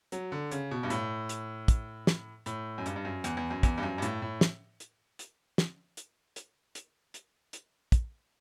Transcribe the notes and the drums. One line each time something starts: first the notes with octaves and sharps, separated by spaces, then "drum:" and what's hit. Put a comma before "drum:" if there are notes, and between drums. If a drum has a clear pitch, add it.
F#3, drum: hi-hat
D3
C#3, drum: hi-hat
B2
G2
A2, drum: hi-hat
drum: hi-hat
drum: kick, hi-hat
drum: snare
A2, drum: hi-hat
F#2
G2, drum: hi-hat
G2
F#2
E2, drum: hi-hat
E2
F#2
E2, drum: kick, hi-hat
G2
F#2
G2
A2, drum: hi-hat
A2
drum: snare
drum: hi-hat
drum: hi-hat
drum: snare
drum: hi-hat
drum: hi-hat
drum: hi-hat
drum: hi-hat
drum: hi-hat
drum: kick, hi-hat